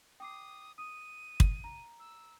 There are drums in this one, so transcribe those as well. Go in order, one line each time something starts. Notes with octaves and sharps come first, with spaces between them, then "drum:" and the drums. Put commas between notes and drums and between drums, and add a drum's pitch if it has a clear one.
G5 D6 D#6 C7
D#6 D#7
drum: kick
A#5
E6